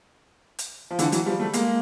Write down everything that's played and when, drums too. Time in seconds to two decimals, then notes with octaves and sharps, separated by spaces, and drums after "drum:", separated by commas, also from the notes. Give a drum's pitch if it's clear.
0.59 drum: hi-hat
0.90 F3
0.99 D3 E3, drum: hi-hat
1.12 E3 F#3, drum: hi-hat
1.26 F3 G3
1.39 G3 A3
1.53 G#3 A#3, drum: hi-hat